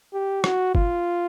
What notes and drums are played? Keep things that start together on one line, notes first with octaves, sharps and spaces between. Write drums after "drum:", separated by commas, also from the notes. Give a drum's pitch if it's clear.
G4
F#4, drum: rim click
F4, drum: kick